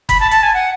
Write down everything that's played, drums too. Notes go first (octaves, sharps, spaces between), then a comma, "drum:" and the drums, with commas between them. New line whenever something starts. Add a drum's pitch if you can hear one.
B5, drum: kick F#1, hi-hat
A5
A5, drum: hi-hat
G#5
F#5